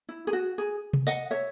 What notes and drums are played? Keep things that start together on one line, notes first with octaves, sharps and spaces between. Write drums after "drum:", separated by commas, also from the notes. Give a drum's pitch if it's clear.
E4
G#4
F#4
G#4
drum: tom C3
D#5 F#5, drum: tambourine
C#5 E5